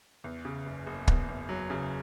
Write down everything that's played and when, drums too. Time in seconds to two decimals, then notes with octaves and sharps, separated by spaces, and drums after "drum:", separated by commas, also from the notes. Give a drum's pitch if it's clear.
0.24 E2
0.45 C#3
0.66 F#1
0.86 F#1
1.08 E2, drum: kick
1.28 E2
1.49 F#3
1.70 C#3